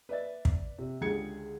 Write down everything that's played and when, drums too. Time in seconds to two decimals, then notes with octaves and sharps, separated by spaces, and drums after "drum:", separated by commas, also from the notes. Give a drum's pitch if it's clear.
0.09 B4 D5 E5 A6
0.45 drum: kick
0.79 C3
1.01 C#2 D3 G4 G#4 G#6 C#7